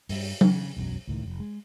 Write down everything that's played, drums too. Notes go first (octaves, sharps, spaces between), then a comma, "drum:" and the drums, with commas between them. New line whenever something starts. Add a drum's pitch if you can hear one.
G2 G3, drum: open hi-hat
C#3, drum: tom F#3
E1 B1 F#2 F#3
C#2 A2 D#3
F1
G#3